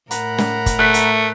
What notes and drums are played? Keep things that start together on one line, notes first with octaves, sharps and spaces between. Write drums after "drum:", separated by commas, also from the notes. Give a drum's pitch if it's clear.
A2 A#4 F#5 A#5 B5, drum: hi-hat
drum: snare
drum: kick, hi-hat
A3 F#6 B6
drum: hi-hat